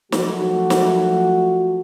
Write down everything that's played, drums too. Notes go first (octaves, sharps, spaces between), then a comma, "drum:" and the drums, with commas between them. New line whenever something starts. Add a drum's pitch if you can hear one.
F3 F#3 A3 F#4, drum: snare
drum: snare